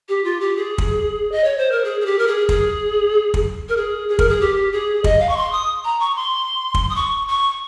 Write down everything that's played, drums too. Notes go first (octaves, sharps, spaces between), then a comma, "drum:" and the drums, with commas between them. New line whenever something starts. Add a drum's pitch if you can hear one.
G4
F4
G4
G#4
drum: kick
D#5
C#5
C5
A#4
G#4
G#4
G4
A#4
G#4
G#4, drum: kick
drum: kick
A#4
G#4
G#4
A#4, drum: kick
G#4
G4
G#4
D#5, drum: kick
F5
C#6
C6
D#6
A#5
C#6
C6
drum: kick
D#6
C#6
C#6